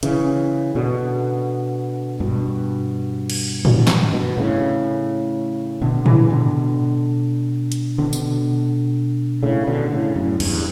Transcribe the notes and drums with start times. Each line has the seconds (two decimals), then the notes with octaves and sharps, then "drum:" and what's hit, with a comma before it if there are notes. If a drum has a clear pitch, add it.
0.03 C#3 E3, drum: hi-hat
0.75 B2 D3
2.20 G2 B2
3.30 drum: cymbal
3.65 G2 B2, drum: tom G#2
3.87 drum: snare
4.13 G2 B2
4.37 A2 C#3
5.82 B2 D3
6.06 C#3 E3, drum: tom G#2
6.30 B2 D3
7.72 drum: hi-hat
7.98 B2 D3
8.13 drum: tambourine
9.43 A2 C#3
9.67 B2 D3
9.91 A2 C#3
10.15 F#2 A2
10.40 E2 G2, drum: cymbal